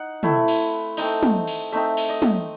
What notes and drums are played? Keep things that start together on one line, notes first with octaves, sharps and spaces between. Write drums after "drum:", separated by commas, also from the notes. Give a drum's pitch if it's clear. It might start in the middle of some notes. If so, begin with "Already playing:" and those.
Already playing: D#4 F#5
A3 C4 E4, drum: tom
drum: cymbal
A3 C4 D#4, drum: cymbal
drum: tom
drum: cymbal
A3 C4 D#4 E5
drum: cymbal
D#5
drum: tom